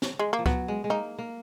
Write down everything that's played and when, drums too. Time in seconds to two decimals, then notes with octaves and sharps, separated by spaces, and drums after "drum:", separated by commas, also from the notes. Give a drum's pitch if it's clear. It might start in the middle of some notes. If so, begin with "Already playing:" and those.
0.02 drum: snare
0.19 G#3
0.33 A#3
0.39 F3
0.46 F#3 B3, drum: kick C#2
0.68 G#3
0.84 G#3
0.90 A#3 D#4
1.19 A#3